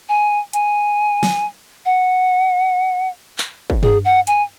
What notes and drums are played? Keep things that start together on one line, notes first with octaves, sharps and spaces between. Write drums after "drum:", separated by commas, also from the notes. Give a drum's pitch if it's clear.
G#5
G#5, drum: hi-hat
drum: snare
F#5
drum: clap
drum: kick
G#4, drum: tom G2
F#5
G#5, drum: hi-hat